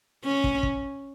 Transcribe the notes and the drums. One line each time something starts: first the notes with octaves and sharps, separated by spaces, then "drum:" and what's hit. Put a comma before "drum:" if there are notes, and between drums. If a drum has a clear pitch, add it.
C#4
drum: kick
drum: kick